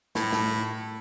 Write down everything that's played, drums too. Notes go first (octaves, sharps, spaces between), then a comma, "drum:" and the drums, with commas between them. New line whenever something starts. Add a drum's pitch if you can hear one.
A2, drum: snare
drum: snare